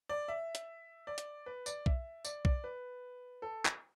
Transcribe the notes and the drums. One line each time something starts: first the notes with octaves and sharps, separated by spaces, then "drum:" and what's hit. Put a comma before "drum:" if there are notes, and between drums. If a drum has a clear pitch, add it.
D5
E5
drum: hi-hat
D5
drum: hi-hat
B4
D5, drum: tambourine
E5, drum: kick B1
D5, drum: tambourine
D5, drum: kick B1
B4
A4
drum: clap